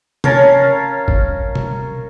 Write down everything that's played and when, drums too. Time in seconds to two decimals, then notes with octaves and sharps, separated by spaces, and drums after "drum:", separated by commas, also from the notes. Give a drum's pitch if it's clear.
0.24 C#4 A#4 F5 A5, drum: tom
1.08 drum: kick
1.55 drum: tom B2